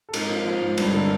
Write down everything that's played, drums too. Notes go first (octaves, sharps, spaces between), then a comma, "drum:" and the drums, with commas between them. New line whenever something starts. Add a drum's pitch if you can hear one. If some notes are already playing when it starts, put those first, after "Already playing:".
A4
G#2 A#4, drum: cymbal
F3
F3
G#2
G2 B4, drum: cymbal
A4
D3 A#4